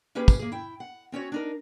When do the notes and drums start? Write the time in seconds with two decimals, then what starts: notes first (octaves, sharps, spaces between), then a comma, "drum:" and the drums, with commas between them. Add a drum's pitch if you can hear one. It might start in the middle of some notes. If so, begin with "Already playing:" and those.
0.15 A#3 C#4 G4 G#4 B4
0.28 drum: kick, tambourine
0.39 A#3 G#4
0.52 E4 G5
0.80 F#5
1.12 C4 C#4 F#4 C#5
1.32 D4 D#4 A#4